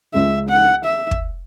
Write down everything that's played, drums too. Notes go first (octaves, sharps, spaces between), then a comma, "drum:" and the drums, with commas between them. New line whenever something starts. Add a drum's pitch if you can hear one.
C#2 C#3 G#3 E5
F#5
E5
drum: kick